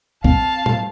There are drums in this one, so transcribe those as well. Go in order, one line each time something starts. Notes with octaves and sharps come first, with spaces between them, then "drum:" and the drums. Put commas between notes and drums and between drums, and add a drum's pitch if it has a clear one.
C4 F5 A5, drum: kick A#1
drum: tom A2